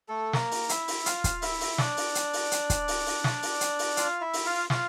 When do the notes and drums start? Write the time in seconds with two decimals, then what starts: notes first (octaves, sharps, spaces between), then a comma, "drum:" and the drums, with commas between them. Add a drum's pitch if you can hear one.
0.08 A3 A4
0.33 A#3 A#4, drum: snare
0.51 drum: open hi-hat
0.69 E4 E5, drum: hi-hat
0.88 drum: open hi-hat
1.06 F4 F5, drum: hi-hat
1.24 drum: kick, hi-hat
1.42 E4 E5, drum: open hi-hat
1.61 drum: open hi-hat
1.78 D4 D5, drum: snare
1.97 drum: open hi-hat
2.15 drum: hi-hat
2.33 drum: open hi-hat
2.51 drum: hi-hat
2.70 drum: kick, hi-hat
2.88 drum: open hi-hat
3.06 drum: open hi-hat
3.24 drum: snare
3.42 drum: open hi-hat
3.61 drum: hi-hat
3.79 drum: open hi-hat
3.97 F4 F5, drum: hi-hat
4.21 E4 E5
4.33 drum: open hi-hat
4.46 F4 F5
4.70 F4 F5, drum: snare